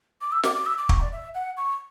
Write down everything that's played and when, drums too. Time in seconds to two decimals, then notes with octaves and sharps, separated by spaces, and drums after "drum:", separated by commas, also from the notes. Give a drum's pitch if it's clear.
0.21 D6
0.32 E6
0.43 D6, drum: snare
0.55 D6
0.66 E6
0.78 D6
0.89 C#6, drum: kick
1.00 D5
1.12 E5
1.35 F#5
1.57 C#6